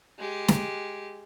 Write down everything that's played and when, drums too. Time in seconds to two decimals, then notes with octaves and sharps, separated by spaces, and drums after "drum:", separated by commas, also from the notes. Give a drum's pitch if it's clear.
0.19 G#3 G4
0.48 drum: snare